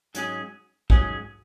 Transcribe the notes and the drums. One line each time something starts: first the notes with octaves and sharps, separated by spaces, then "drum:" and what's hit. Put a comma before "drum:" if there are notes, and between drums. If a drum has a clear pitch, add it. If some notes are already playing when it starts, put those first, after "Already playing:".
G#2 F#3 C#4 G#4, drum: hi-hat
G#2 F#3 C#4 G#4, drum: kick